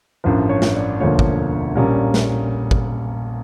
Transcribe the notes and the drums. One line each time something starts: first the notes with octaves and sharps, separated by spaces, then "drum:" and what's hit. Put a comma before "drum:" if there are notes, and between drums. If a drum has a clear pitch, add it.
A1 G2 F3 A#4
C#5
drum: snare
D5
E1 D2 D3 F3 A#3 C#5
drum: kick
A#1 A#2 G3 C#4 A#4
drum: snare
drum: kick